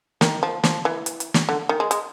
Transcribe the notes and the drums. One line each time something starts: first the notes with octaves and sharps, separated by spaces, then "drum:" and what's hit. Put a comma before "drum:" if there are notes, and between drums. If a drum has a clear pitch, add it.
D#3, drum: snare
F3
F3, drum: snare
E3
drum: hi-hat
drum: hi-hat
drum: snare
D3
D#3
G#3
G#3, drum: hi-hat